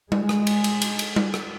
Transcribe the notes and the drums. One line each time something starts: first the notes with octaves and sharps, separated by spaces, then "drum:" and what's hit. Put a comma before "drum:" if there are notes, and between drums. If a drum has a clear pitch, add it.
G#3, drum: tom G3
drum: rim click
drum: cymbal
drum: cymbal
drum: cymbal
drum: cymbal
drum: tom G3
drum: rim click